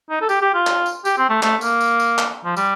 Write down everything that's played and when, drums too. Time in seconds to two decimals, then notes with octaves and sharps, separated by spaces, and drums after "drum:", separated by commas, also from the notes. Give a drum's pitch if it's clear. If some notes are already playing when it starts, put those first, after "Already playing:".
0.10 D#4
0.22 A4
0.29 G4, drum: tambourine
0.41 G4
0.54 F4
0.67 drum: clap
0.86 drum: tambourine
1.05 G4, drum: tambourine
1.18 C4
1.30 A3
1.43 A3, drum: clap
1.61 A#3, drum: tambourine
1.81 drum: tambourine
1.99 drum: tambourine
2.18 drum: clap
2.45 F3
2.56 G3, drum: tambourine